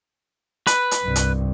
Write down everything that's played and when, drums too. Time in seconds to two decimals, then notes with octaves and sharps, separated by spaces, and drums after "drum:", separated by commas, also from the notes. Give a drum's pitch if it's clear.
0.67 B4, drum: hi-hat
0.91 drum: hi-hat
1.03 C2 G2
1.16 drum: hi-hat